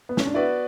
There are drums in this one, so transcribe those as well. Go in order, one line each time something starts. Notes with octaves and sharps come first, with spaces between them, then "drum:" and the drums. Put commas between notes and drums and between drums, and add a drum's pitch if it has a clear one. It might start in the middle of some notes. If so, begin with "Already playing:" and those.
B3
C#4, drum: snare
D4
B3 E4 F#4 B4 D5